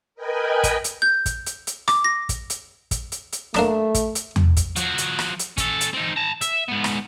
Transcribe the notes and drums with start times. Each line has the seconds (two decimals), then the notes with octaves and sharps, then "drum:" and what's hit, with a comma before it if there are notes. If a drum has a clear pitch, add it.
0.15 A#4 B4 D#5 G5 G#5 B5
0.64 drum: kick, hi-hat
0.84 drum: hi-hat
1.02 G6
1.26 drum: kick, hi-hat
1.46 drum: hi-hat
1.67 drum: hi-hat
1.88 D6, drum: rim click
2.04 A#6
2.29 drum: kick, hi-hat
2.50 drum: hi-hat
2.91 drum: kick, hi-hat
3.12 drum: hi-hat
3.32 drum: hi-hat
3.54 A3 A#3 D4 D6, drum: rim click
3.94 drum: kick, hi-hat
4.15 drum: hi-hat
4.36 drum: tom E2
4.57 drum: kick, hi-hat
4.76 F3 F#4, drum: hi-hat
4.98 drum: hi-hat
5.19 drum: rim click
5.39 drum: hi-hat
5.58 C#4 A4, drum: kick, hi-hat
5.81 drum: hi-hat
5.94 C4 D#4
6.16 A5 A#5
6.41 E5, drum: hi-hat
6.68 G#2 B3
6.84 drum: rim click